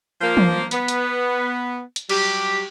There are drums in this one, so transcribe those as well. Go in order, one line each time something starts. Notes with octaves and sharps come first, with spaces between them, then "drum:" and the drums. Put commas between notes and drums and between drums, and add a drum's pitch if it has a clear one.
F3 A#3
drum: tom E3
B3, drum: hi-hat
drum: hi-hat
drum: hi-hat
F#3 G3 G4, drum: cymbal